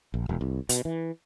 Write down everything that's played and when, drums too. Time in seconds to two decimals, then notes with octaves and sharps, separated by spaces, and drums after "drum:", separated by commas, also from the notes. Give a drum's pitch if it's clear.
0.14 A#1
0.29 E1
0.41 C2
0.69 B2, drum: hi-hat
0.85 E3